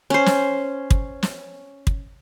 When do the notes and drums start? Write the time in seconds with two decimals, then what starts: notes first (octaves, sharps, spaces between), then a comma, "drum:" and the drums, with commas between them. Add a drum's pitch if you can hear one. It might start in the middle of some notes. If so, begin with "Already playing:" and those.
0.10 C#4 C5
0.26 drum: snare
0.90 drum: kick
1.23 drum: snare
1.87 drum: kick